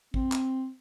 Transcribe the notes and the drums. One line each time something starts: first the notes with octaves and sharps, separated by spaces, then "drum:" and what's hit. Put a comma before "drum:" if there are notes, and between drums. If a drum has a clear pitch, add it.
C4, drum: kick
drum: clap